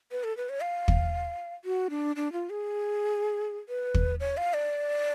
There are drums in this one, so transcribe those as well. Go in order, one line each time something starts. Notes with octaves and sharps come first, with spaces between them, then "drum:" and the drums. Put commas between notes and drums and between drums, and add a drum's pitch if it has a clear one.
B4
A4
B4
C#5
F5
drum: kick
F#4
D4
D4
F4
G#4
B4
drum: kick
C#5
F5
D5